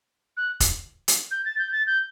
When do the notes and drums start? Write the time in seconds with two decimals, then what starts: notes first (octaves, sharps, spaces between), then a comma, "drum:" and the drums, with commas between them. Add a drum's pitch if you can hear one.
0.37 F#6
0.60 drum: kick E1, hi-hat
1.08 drum: hi-hat
1.31 G6
1.45 A6
1.58 G6
1.72 A6
1.87 G6